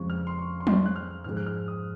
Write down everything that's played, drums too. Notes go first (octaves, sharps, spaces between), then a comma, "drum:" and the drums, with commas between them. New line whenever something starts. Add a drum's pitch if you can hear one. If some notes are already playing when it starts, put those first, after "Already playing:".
Already playing: F2 C#3 F3 G#3 C#6
F6
C6
C#6
C6
C#6, drum: tom F3
F#6
F6
G#2 F3 G#3 F6
F#6
F6
D#6